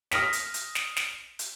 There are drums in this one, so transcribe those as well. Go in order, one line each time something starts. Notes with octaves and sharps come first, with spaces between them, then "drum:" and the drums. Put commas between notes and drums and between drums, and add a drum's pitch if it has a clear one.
D#6 F6 A#6 B6, drum: snare
drum: hi-hat
drum: hi-hat
drum: snare
drum: snare
drum: hi-hat